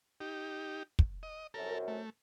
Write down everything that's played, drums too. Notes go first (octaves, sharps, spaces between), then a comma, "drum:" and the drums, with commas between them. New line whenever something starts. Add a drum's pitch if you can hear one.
D#4 G4
drum: kick
D#5
C2 F#2 A4 A#4
A3